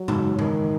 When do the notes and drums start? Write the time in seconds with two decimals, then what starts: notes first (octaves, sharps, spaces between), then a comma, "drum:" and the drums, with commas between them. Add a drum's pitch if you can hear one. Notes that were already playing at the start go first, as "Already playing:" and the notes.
Already playing: F#3
0.08 F#2 C#3 E3 G#3 D#4, drum: tom G#2
0.39 D#3, drum: tom G#2